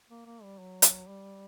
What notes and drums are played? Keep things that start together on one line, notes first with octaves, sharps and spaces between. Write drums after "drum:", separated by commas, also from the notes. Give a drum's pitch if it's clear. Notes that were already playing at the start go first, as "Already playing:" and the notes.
A#3
A#3
G3
F#3
drum: hi-hat
G3